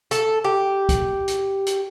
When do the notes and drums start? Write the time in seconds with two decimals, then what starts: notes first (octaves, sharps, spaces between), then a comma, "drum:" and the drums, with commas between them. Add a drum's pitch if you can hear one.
0.11 A4, drum: hi-hat
0.44 G4
0.89 drum: kick, hi-hat
1.28 drum: hi-hat
1.66 drum: hi-hat